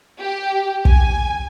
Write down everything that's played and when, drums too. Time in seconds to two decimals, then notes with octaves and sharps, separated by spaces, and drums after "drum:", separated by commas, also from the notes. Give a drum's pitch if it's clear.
0.22 G4
0.85 G#5, drum: kick